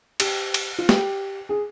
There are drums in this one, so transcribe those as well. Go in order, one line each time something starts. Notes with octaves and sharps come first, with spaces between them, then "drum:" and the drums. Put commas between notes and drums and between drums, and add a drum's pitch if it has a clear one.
G4, drum: cymbal
drum: cymbal
F4
G4, drum: snare
G#4